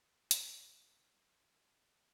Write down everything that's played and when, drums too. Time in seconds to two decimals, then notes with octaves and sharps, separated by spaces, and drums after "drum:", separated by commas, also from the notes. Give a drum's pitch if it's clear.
0.31 C#3 E3 G#3, drum: hi-hat
0.83 C#4
1.35 B2 A3